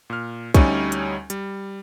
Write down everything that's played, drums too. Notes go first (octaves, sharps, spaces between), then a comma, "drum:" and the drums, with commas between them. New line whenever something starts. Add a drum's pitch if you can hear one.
A#2 F6
D2 G3 C#4 D#4 G#5 C#6, drum: kick, hi-hat
drum: hi-hat
G3, drum: hi-hat